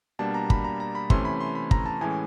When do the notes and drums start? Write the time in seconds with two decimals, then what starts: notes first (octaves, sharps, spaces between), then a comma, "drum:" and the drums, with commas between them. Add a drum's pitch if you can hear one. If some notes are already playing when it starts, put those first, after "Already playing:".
0.19 B2 G3 A#3 D4 A5
0.34 A#5
0.50 B5, drum: kick
0.64 A#5
0.80 A#5
0.95 B5
1.10 C3 E3 A3 C#4 C6, drum: kick
1.25 B5
1.40 C6
1.55 B5
1.71 A#5, drum: kick
1.86 A5
2.01 A2 E3 G#3 C#4 G#5